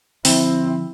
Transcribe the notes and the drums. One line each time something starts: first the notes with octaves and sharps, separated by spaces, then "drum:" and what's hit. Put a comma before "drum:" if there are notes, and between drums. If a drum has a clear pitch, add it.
D3 F3 C4 E4, drum: open hi-hat